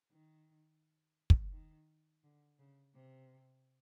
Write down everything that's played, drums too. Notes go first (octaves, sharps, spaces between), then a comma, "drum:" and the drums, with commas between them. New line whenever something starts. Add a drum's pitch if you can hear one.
D#3
drum: kick
D#3
D3
C#3
C3